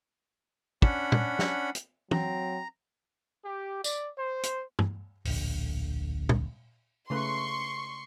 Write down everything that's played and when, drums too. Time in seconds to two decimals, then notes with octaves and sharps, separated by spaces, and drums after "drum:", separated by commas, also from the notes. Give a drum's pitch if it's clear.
0.82 C#4 D4 F#5 B5, drum: kick
1.12 drum: tom A#2
1.39 drum: snare
1.75 drum: hi-hat
2.11 F#3 C4 A#5, drum: tom
3.45 G4
3.84 D5, drum: tambourine
4.18 C5
4.43 drum: hi-hat
4.79 drum: tom
5.25 D1 A#1 D3, drum: open hi-hat
6.29 drum: tom A#2
7.10 C#3 A3 B4 C6 C#6